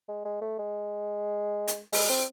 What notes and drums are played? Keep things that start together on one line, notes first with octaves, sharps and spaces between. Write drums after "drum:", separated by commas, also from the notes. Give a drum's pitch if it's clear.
G#3
G#3
A3
G#3
drum: hi-hat
G#3, drum: open hi-hat
C4